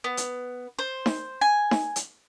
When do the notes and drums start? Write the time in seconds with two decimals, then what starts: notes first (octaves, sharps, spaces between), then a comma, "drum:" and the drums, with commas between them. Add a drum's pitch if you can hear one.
0.04 B3
0.17 drum: hi-hat
0.79 C5
1.06 drum: snare D#4
1.41 G#5
1.71 drum: snare D#4
1.96 drum: hi-hat